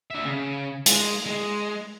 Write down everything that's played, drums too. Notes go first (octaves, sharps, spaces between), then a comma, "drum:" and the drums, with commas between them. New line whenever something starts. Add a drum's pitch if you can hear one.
D4 E5
C#3
G#3, drum: hi-hat
G#3